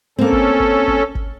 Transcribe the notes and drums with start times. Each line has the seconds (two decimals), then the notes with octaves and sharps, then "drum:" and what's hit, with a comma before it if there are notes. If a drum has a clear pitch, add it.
0.19 A#3 C4 C#4 A4
0.32 drum: kick G1
0.60 drum: kick G1
0.88 drum: kick G1
1.15 drum: kick G1